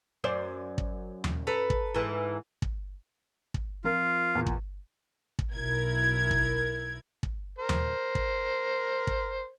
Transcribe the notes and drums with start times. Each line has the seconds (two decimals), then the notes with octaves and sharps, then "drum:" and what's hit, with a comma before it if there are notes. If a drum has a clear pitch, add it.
0.24 F#2 C5 D5
0.78 drum: kick
1.24 drum: tom D#2
1.47 A4 B4 A#5
1.70 drum: kick
1.94 G#2 E3
2.62 drum: kick
3.54 drum: kick
3.84 F3 C4 F4 A#4
4.35 E2 A#2
4.46 drum: kick
5.39 drum: kick
5.54 B1 E4 A#4 G#6
6.31 drum: kick
7.23 drum: kick
7.59 A#4 C5
7.69 drum: tom D#2
8.15 drum: kick
9.07 drum: kick